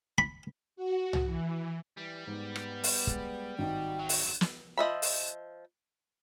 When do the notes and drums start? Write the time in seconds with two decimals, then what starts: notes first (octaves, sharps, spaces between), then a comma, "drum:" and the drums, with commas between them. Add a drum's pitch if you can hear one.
0.18 B5
0.76 F#4
1.13 drum: tom
1.26 E3
1.97 E3 G3
2.27 G#2 B3
2.56 drum: rim click
2.84 drum: open hi-hat
3.07 G#3, drum: kick
3.59 G#1 D#4 F#4 G5
4.00 E2 F#3
4.09 drum: open hi-hat
4.41 drum: snare
4.78 F3 D#5 E5 B5
5.02 drum: open hi-hat